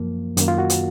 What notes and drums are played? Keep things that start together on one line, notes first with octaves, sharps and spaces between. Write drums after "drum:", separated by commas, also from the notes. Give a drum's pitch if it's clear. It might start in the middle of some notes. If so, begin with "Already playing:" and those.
Already playing: F#2 F3 A#3
F#2 D#3 A#3, drum: hi-hat
F4
F#4
drum: hi-hat